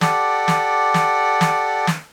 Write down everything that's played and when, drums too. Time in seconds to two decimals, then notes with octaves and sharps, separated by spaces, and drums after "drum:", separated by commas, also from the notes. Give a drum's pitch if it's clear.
0.01 G4 A4 D5 F#5, drum: snare
0.48 drum: snare
0.94 drum: snare
1.41 drum: snare
1.87 drum: snare